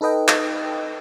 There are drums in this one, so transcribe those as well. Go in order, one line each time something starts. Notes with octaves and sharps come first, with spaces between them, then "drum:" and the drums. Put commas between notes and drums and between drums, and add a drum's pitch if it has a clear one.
D#4 A4 B4 D#5 G5
drum: clap